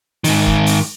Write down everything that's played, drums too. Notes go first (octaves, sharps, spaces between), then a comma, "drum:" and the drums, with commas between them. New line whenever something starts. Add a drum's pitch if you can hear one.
G#2 D#3, drum: open hi-hat
drum: kick F#1
drum: open hi-hat